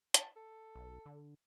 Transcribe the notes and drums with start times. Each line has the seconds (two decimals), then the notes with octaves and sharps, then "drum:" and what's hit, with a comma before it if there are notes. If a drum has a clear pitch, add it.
0.14 A5, drum: hi-hat
0.36 A4
0.75 B1
1.06 D3